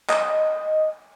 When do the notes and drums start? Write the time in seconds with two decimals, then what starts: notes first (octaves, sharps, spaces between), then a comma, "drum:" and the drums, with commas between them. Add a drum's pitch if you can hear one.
0.10 D#5, drum: clap